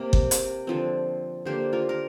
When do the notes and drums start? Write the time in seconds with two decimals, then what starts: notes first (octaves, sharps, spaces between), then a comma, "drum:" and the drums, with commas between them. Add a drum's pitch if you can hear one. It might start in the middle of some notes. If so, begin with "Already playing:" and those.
Already playing: C3 A#3
0.13 drum: kick G1
0.31 drum: hi-hat
0.67 D3 F3 C4
1.45 D3 A#3 G4 C5
1.73 F4 A#4
1.89 A#4